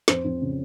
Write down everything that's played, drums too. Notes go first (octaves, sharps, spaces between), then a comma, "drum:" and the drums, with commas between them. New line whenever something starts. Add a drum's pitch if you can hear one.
F2 C5, drum: snare
F2
C#3